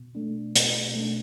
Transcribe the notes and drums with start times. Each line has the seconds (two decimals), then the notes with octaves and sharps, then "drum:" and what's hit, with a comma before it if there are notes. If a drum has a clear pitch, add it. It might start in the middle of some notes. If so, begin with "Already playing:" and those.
Already playing: B2
0.15 A3 D4
0.56 B2, drum: hi-hat
0.95 A3 D4